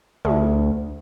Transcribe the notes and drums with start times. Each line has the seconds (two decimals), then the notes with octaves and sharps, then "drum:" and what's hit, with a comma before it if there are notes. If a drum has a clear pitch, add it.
0.25 D2, drum: tom